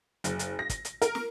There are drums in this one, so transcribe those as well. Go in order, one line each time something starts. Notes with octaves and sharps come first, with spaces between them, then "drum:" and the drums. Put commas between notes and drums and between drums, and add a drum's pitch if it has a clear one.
F#1, drum: hi-hat
drum: hi-hat
A#6
drum: kick, hi-hat
drum: hi-hat
A#4, drum: hi-hat
drum: snare